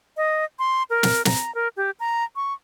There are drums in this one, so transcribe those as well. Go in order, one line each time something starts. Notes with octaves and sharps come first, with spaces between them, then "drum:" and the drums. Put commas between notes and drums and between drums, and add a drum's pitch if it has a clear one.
D#5
C6
A#4
drum: snare
A#5, drum: snare
A#4
G4
A#5
C#6